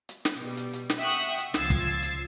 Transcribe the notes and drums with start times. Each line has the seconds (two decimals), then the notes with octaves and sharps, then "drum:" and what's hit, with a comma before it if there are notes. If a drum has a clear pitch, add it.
0.09 drum: hi-hat
0.25 drum: snare
0.38 B2 G3
0.57 drum: hi-hat
0.73 drum: hi-hat
0.90 drum: snare
0.99 E5 F#5 G5 C#6 D#6 F#6
1.22 drum: hi-hat
1.38 drum: hi-hat
1.54 C#2 F3 E6 G#6 A6 C7, drum: snare
1.70 drum: kick, hi-hat
2.02 drum: hi-hat